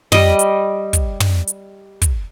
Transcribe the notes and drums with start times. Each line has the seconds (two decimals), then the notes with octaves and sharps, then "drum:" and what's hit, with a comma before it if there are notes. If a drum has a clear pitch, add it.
0.12 G3 D#5, drum: tom
0.39 drum: hi-hat
0.93 drum: kick, hi-hat
1.20 drum: tom
1.47 drum: hi-hat
2.02 drum: kick, hi-hat